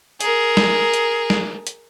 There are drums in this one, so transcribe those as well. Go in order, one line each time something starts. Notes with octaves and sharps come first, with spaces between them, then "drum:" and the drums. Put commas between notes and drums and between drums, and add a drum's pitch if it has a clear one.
G#4 A#4, drum: hi-hat
drum: snare
drum: hi-hat
drum: snare
drum: hi-hat